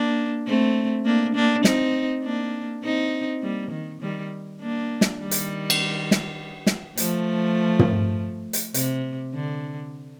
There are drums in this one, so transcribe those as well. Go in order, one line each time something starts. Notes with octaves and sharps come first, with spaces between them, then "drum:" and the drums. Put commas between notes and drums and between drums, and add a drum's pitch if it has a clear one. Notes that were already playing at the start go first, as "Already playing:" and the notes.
Already playing: A#3 D4
A3 C4
A#3 D4
A#3 D4
C4 D#4, drum: snare
A#3 D4
C4 D#4
G3 A#3
D#3
D#3 G3
A#3 D4
drum: snare
D#3 G3
drum: hi-hat
drum: cymbal
drum: snare
drum: snare
F3 A3, drum: hi-hat
drum: tom
drum: hi-hat
C3, drum: hi-hat
D3